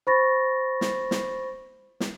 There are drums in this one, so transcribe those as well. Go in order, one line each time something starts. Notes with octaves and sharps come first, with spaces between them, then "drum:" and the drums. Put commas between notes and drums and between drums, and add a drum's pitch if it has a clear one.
C5 B5 C#6 A6 A#6
drum: snare
drum: snare
drum: snare